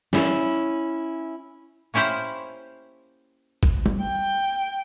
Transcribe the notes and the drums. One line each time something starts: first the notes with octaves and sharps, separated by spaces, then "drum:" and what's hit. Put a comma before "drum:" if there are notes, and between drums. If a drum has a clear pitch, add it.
C#4 E4, drum: snare
A#3 C#4 E4 G4 C5 F5
drum: kick G1
drum: tom
G5